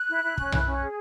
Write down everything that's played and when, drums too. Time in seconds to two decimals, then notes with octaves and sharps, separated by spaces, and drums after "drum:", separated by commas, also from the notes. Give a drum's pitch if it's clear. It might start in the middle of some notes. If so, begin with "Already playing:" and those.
Already playing: F#6
0.09 E4
0.22 E4
0.38 C#4, drum: kick
0.52 E4, drum: tom B1
0.66 C#4
0.81 G#4